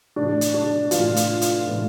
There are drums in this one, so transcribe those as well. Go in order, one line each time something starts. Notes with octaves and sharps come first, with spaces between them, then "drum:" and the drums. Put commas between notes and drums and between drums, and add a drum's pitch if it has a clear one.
A2 E3 D4
drum: hi-hat
D4
A2 E3 F4, drum: hi-hat
drum: hi-hat
drum: hi-hat
A2 E3